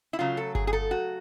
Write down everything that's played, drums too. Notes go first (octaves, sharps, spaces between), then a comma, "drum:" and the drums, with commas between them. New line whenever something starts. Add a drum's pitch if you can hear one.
E4
C#3 F#3 A3 F4
A4
G#4, drum: kick G1
G#4
A4
F#4